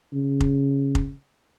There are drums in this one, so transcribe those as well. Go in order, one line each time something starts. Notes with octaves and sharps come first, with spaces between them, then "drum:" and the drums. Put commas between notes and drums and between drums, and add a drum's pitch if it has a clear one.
C#3
drum: kick F1
drum: kick F1